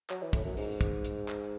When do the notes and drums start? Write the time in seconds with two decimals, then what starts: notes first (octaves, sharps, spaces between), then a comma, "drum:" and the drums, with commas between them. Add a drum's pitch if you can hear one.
0.10 F#3, drum: clap
0.22 E3
0.33 A2, drum: kick, hi-hat
0.45 F#2
0.57 G#2, drum: open hi-hat
0.81 drum: kick, hi-hat
1.04 drum: hi-hat
1.28 drum: clap